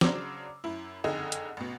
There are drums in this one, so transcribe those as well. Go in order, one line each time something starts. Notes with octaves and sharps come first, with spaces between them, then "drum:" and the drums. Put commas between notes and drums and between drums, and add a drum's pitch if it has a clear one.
C#3 F#3 D4 C5 D6 E6, drum: snare
F#2 E4
F#1 F2 D3 D#4 G#4
drum: hi-hat
A1 B2